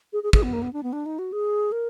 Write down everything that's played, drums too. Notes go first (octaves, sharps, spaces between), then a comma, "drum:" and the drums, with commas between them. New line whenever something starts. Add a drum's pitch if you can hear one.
G#4
G#4
G#4, drum: kick
B3
A#3
B3
D4
B3
D4
D#4
F#4
G#4
A#4